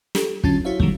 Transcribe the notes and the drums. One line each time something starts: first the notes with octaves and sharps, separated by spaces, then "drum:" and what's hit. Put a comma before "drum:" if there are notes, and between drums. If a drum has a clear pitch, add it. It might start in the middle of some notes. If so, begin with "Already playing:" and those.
G4 A4, drum: snare
D3 F#3 C#4 F4 A5 A6, drum: kick
E4 F#4 C5 C#5 E5 F5
B2 D#3 F#3 G3 A3, drum: kick